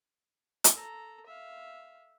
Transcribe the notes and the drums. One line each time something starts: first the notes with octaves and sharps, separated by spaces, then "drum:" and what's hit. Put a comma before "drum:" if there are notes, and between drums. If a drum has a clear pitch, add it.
drum: hi-hat
A4 A#5
E5 F5